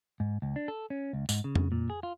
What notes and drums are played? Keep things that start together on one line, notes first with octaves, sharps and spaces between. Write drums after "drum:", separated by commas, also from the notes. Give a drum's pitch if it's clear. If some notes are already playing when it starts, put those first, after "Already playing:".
G#2
C#2
D4
A4
C#4
C#2
G#2, drum: tambourine
C#3
drum: tom F2
A#2
G#4
F4